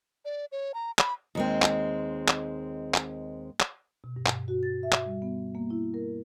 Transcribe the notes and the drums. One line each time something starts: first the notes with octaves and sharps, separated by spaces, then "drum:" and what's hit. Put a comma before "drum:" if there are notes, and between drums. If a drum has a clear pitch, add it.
D5
C#5
A#5
B5, drum: clap
D#2 G#3 C4
drum: clap
drum: clap
drum: clap
drum: clap
B2
G2
drum: clap
F#4
A6
E5
drum: clap
G3
B3
A#3
E4
A#4